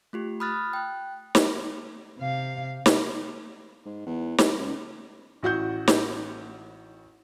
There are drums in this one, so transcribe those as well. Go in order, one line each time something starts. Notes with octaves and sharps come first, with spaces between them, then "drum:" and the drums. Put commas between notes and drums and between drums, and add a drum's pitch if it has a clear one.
A3 F4 G4
B5 D#6 F6 F#6 A6
G5 F#6
drum: snare
C3 F5
drum: snare
G#2
E2
C2, drum: snare
C#2
A1 F#4 F#5 G6
drum: snare